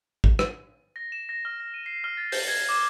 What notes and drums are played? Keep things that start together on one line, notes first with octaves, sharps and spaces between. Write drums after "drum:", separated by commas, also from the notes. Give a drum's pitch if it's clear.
drum: kick A1
drum: rim click
A#6
E7
A#6
F6
A#6
D#7
C7
F6
A6
G6, drum: open hi-hat
G#6
D6